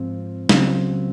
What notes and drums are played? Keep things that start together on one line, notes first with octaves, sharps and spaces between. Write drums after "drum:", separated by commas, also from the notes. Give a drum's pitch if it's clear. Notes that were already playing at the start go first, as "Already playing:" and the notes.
Already playing: G#2 F3 C4 F4
C#2 C#3 F#3 C4, drum: snare